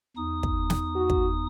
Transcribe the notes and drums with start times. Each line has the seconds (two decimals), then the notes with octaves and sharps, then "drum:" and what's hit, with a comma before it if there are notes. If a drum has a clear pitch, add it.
0.17 E2 D#4 D#6
0.43 drum: kick
0.70 drum: snare
0.95 F#4
1.10 drum: kick